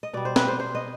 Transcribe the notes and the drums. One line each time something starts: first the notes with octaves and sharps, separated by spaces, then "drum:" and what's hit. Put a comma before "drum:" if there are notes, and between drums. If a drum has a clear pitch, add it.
D#5
B2 G3 D5
C5
B4, drum: snare
C5
C5
D#5